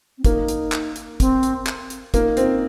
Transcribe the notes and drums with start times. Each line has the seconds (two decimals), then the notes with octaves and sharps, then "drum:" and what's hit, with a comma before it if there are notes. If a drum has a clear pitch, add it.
0.18 C4
0.25 A#3 D#4, drum: kick, hi-hat
0.48 drum: hi-hat
0.72 drum: clap
0.96 drum: hi-hat
1.20 C4, drum: kick, hi-hat
1.43 drum: hi-hat
1.67 drum: clap
1.90 drum: hi-hat
2.14 A#3 D#4, drum: kick, hi-hat
2.37 C4, drum: hi-hat